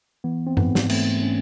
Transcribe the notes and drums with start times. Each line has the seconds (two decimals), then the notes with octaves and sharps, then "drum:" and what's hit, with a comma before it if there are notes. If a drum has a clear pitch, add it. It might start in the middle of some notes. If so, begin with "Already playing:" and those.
0.24 E3 B3
0.47 C4
0.57 G#2 B3, drum: tom F#2
0.75 drum: snare
0.90 A3 C4, drum: cymbal
1.22 C#4